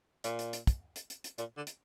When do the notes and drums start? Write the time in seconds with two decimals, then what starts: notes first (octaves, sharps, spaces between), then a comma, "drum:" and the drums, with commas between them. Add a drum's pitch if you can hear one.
0.24 A#2, drum: hi-hat
0.39 drum: hi-hat
0.53 drum: hi-hat
0.67 drum: kick, hi-hat
0.96 drum: hi-hat
1.10 drum: hi-hat
1.24 drum: hi-hat
1.38 A#2, drum: hi-hat
1.57 D3
1.67 drum: hi-hat